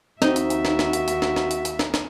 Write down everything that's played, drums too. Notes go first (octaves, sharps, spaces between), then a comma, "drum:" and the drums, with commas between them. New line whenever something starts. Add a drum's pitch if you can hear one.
D#2 C4 D#4 F#4 E5, drum: snare
drum: hi-hat
drum: hi-hat
drum: snare
drum: snare
drum: hi-hat
drum: hi-hat
drum: snare
drum: snare
drum: hi-hat
drum: hi-hat
drum: snare
drum: snare